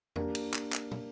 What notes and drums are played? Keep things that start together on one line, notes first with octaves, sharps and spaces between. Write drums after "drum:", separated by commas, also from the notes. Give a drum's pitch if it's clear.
A#3 D4 G4 A#4, drum: tom E2
drum: cymbal
drum: clap
drum: clap
drum: tom